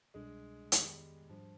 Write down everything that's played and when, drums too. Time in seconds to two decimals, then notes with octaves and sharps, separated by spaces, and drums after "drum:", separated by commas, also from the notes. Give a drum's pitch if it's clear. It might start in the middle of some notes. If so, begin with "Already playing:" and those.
0.14 C2 B2 G3 G#3 D4
0.72 F2 D#3 G3 G#3 B3, drum: hi-hat
1.29 G#2 F3 G3 D4 F4